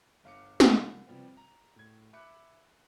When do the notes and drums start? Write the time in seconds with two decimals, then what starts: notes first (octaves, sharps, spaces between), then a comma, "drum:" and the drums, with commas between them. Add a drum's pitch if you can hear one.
0.24 G1 F5 D6 C#7
0.60 drum: snare
0.73 C2 F3
1.07 C3 F3 G3 B3 C4
1.37 A#5
1.76 A2 G#6
2.13 E5 B5 D6 F#6 C#7